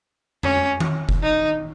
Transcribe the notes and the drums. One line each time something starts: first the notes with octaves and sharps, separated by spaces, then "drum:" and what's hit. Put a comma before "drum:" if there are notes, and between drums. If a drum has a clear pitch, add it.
C#4, drum: tom F2
drum: tom D#3
drum: kick F1
D#4